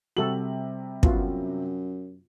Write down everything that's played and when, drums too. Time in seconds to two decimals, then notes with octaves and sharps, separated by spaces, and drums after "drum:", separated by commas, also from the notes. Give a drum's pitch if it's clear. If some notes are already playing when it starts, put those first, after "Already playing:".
0.17 C3 G3 F#4 A4 F#7
1.03 F#2 B3 F4 F#4, drum: kick